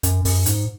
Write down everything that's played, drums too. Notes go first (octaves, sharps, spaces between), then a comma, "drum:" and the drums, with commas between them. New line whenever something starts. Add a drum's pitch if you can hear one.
F#2, drum: hi-hat
F#2, drum: open hi-hat
G#2, drum: hi-hat